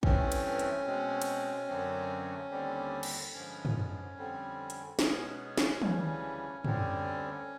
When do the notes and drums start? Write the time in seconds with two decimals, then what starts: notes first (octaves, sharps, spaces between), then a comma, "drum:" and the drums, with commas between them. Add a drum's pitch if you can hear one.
0.03 G2 E3 A3 C4 C#4, drum: kick
0.32 drum: cymbal
0.59 drum: hi-hat
0.85 B2 G#3 C4
1.22 drum: cymbal
1.68 F#2 D3 F#3 A3 C4
2.51 D#2 D3 G3 C4
3.03 drum: cymbal
3.33 G2 D3 F3 G#3 C#4
3.65 drum: tom
4.16 F2 D3 G3 C4
4.70 drum: hi-hat
4.99 B2 G#3 B3 C#4, drum: snare
5.58 drum: snare
5.82 D2 C#3 E3 G3, drum: tom
6.65 D2 D3 G3 C4, drum: tom